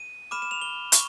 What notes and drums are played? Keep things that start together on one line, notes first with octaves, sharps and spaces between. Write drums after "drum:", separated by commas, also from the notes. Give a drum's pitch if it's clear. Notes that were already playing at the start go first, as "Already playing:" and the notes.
Already playing: D#7
B5 D6 F6 E7
E7
F7
G7
C#6, drum: hi-hat